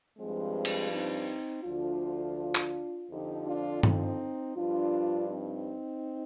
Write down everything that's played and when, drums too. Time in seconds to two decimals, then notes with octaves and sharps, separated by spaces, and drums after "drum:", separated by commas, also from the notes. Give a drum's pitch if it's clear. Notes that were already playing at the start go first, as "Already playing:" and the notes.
0.18 G2 F3 G#3 C4
0.65 drum: cymbal
0.91 C4 D#4
1.64 D2 D3 F3 D4 F4
2.55 drum: clap
3.10 F2 D3 F3 D#4 G4
3.46 D4 F4
3.83 C4 D#4, drum: tom G2
4.56 G2 F3 D4 F4
5.29 C4 D#4